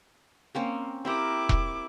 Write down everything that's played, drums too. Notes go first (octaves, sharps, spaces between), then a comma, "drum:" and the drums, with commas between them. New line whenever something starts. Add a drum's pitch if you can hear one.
A#3 C4 C#4
C4 E4 G4 A#4 D6
drum: kick E1